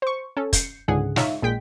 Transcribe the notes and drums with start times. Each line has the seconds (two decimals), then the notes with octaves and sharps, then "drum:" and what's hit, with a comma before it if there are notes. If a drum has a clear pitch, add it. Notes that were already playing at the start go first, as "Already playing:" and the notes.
0.02 C5 C#6
0.37 C#4 A4
0.53 G6 C7 C#7, drum: kick, hi-hat
0.88 C#2 G#2 D3 G#4 F#5
1.16 D#4 F4 C#5 E5, drum: snare
1.42 A#1 G#3 G5 B6